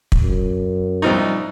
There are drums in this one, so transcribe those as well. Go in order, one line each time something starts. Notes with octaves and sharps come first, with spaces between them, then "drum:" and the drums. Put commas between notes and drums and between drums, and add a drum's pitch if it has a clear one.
drum: kick
F#2
C2 F3 D#4